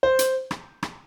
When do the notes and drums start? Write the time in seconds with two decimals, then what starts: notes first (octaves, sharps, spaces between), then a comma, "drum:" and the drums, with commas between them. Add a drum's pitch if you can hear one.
0.03 C5
0.19 drum: hi-hat
0.51 drum: rim click
0.83 drum: rim click